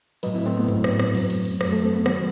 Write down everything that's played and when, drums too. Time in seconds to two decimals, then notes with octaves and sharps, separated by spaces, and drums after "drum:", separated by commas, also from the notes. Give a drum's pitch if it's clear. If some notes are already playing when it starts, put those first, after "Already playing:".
0.23 A2 F#3 B4 D#5, drum: cymbal
0.34 C4 E4
0.46 A3 C4
0.57 B3
0.68 A2 F#3, drum: tom G2
0.84 drum: rim click
0.99 drum: rim click
1.15 F#2 F#3, drum: cymbal
1.30 drum: cymbal
1.45 drum: cymbal
1.61 F#2 F#3 A3, drum: rim click
1.73 A3
1.84 A3 C4
1.95 B3
2.06 D#3 F#3 B3, drum: rim click